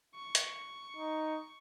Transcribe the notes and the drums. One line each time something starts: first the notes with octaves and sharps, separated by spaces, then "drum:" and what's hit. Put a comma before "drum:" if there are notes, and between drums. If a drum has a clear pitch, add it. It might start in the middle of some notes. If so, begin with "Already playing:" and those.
C#6
drum: hi-hat
D#4